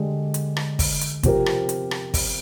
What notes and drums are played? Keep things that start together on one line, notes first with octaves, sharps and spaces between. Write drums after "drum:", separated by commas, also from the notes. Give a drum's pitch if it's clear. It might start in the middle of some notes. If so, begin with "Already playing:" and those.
Already playing: D3 G#3 D4 G4
drum: hi-hat
drum: rim click
drum: kick, open hi-hat
drum: hi-hat
C3 F3 C4 G4 A#4, drum: kick, hi-hat
drum: rim click
drum: hi-hat
drum: rim click
drum: kick, open hi-hat